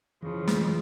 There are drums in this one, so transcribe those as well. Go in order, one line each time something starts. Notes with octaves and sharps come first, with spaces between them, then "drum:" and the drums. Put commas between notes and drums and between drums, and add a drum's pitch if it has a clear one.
F2 C#3 E3 F3
drum: snare